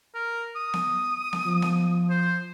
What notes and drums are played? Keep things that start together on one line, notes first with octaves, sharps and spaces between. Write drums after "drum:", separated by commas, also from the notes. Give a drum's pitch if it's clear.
A#4
D#6
drum: snare B3
drum: snare B3
F3
drum: snare B3
C5